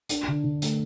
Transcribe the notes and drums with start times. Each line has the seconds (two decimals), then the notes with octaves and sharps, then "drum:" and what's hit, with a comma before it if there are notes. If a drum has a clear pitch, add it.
0.09 D4, drum: hi-hat
0.28 D3
0.44 D3
0.62 A3, drum: hi-hat